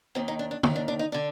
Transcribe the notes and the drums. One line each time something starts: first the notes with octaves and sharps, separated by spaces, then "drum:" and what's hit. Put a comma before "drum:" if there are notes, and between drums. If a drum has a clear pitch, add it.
D#2 D#3 C4
D#4
D4
D4
D#2 D#3, drum: tom
D4
D4
D#4
D3 D4